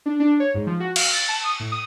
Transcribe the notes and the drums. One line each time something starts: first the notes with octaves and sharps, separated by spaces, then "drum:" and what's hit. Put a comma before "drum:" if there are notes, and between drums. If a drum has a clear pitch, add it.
D4
D4
C#5
G#2
F3
F#4
F5, drum: cymbal
A6
A5
D#6
A2
D#6